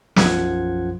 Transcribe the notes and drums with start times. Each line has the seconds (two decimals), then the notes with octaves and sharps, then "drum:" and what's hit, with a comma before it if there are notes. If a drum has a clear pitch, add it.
0.16 B1 F#2 F3 F4 F#5 G#6, drum: snare